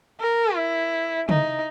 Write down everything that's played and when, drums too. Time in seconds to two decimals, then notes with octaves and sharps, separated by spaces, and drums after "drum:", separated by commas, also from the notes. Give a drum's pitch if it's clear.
0.20 A#4
0.56 E4
1.29 D#4, drum: tom